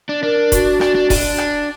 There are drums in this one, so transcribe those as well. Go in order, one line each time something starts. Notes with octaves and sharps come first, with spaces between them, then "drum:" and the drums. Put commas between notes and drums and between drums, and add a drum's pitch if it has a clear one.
D4
D4 A#4
F#4, drum: kick E1, hi-hat
D4, drum: rim click
D4
D4, drum: kick E1, open hi-hat
drum: rim click